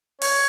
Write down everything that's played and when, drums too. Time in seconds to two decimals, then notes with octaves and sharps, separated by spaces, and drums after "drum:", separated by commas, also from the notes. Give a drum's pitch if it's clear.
0.22 C#5, drum: open hi-hat